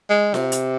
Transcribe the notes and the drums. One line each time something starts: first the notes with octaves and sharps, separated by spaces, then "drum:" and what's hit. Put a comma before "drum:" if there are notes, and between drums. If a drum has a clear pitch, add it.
G#3
C3, drum: snare F4
drum: hi-hat